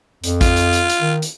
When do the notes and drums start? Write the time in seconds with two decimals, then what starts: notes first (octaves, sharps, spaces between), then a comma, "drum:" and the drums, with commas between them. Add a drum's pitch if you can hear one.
0.24 F2, drum: hi-hat
0.41 F4, drum: kick A1, hi-hat
0.56 drum: hi-hat
0.73 drum: hi-hat
0.89 drum: hi-hat
1.02 D#3
1.22 drum: hi-hat